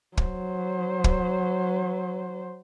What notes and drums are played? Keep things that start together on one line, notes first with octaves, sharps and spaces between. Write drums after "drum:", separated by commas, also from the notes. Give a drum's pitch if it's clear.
F#3 C5, drum: kick
drum: kick